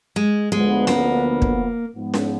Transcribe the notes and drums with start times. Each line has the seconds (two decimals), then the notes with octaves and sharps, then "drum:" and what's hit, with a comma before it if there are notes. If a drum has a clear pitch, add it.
0.16 G#3
0.52 D2 D3 F3 G#3 B3
0.87 A#3, drum: snare C#4
1.42 drum: kick
1.95 G#2 F3 B3
2.14 drum: snare C#4